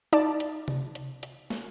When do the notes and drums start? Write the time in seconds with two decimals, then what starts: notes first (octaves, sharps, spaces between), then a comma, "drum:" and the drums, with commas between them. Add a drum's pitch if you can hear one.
0.13 D#4 D5 A5, drum: hi-hat
0.40 drum: hi-hat
0.68 drum: tom C3
0.95 drum: hi-hat
1.23 drum: hi-hat
1.50 drum: snare